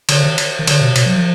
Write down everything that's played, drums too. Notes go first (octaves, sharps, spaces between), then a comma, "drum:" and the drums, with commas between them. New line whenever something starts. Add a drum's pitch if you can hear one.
D3, drum: cymbal
D#3
drum: cymbal
D#3
D3, drum: cymbal
B2
B2, drum: cymbal
F#3
F3